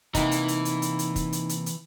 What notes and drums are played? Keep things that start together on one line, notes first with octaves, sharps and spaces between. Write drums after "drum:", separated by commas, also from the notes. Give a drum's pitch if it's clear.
C3 E3 A#3 D#4, drum: kick, hi-hat
drum: hi-hat
drum: hi-hat
drum: hi-hat
drum: hi-hat
drum: hi-hat
drum: kick, hi-hat
drum: hi-hat
drum: hi-hat
drum: hi-hat